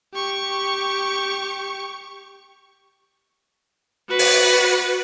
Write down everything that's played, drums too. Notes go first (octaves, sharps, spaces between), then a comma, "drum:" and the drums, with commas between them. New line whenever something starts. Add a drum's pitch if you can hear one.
G4 C#6
F#4 B4
drum: open hi-hat